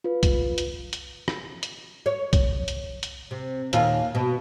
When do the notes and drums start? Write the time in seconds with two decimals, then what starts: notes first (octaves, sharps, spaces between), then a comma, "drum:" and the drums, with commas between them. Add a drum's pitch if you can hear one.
0.04 F4 B4
0.23 drum: kick B1, hi-hat
0.58 drum: hi-hat
0.93 drum: hi-hat
1.28 drum: rim click
1.63 drum: hi-hat
2.06 C#5
2.33 drum: kick B1, hi-hat
2.68 drum: hi-hat
3.03 drum: hi-hat
3.31 C3
3.73 D#2 A#2 F4, drum: hi-hat
4.15 B2